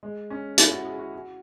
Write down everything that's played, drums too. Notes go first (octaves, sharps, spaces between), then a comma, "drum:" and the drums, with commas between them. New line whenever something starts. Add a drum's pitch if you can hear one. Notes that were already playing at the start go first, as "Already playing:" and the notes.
G#3
C#4
E4, drum: hi-hat
F#4
G#4
F#4
F#4